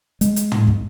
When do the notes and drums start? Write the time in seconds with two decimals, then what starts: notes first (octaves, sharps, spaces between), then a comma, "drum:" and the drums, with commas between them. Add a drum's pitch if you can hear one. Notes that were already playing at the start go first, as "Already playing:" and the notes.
0.21 G#3, drum: hi-hat
0.36 drum: hi-hat
0.52 drum: tom
0.67 drum: kick